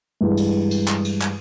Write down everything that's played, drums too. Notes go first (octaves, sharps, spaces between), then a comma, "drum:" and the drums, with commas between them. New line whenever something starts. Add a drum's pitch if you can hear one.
G2 E3 G#3
drum: cymbal
drum: cymbal
drum: clap
drum: cymbal
drum: clap